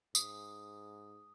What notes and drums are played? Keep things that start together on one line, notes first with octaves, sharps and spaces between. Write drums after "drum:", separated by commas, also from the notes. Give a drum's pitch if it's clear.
G#2 D#6, drum: tambourine